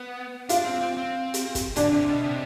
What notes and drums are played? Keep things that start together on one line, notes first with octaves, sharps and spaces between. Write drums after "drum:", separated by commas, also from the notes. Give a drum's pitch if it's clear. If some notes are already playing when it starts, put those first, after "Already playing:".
Already playing: B3
D4 F4, drum: hi-hat
C4
C4
C4
drum: hi-hat
drum: kick, hi-hat
D3 D4, drum: hi-hat
C3
B2
C3